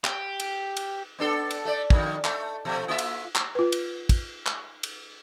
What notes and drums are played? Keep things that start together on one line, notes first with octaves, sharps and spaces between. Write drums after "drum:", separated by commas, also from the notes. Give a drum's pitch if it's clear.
G4, drum: clap
drum: cymbal
drum: cymbal
B3 D4 A4
drum: cymbal
A3 D5
F2 A#2 D#3, drum: kick
A3, drum: clap
B2 F3 A3
A#3 F4 E5
drum: cymbal
drum: clap
F4 B4
drum: cymbal
drum: kick, cymbal
drum: clap
drum: cymbal